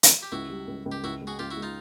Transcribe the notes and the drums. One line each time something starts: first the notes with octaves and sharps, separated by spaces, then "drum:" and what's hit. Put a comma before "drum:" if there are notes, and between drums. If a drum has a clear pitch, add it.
drum: hi-hat
G4
C#2 E4 F#4
G3
C#2
C#2
G4
C#2 E4 F#4
G#3
F#4 G#4
C#2 F4 G4
E4 F#4
G#3
D#4 F4